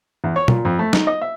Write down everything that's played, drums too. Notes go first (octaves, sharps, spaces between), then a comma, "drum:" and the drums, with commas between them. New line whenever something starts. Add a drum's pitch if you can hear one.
E2
C#5
A#2, drum: tom
F2
A3
D#4, drum: snare
D#5
E5